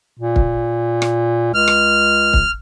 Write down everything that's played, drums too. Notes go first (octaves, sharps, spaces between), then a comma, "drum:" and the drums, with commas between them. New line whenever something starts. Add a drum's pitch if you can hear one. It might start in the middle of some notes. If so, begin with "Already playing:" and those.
A#2
drum: kick
drum: rim click
C#2 F6
drum: rim click
drum: kick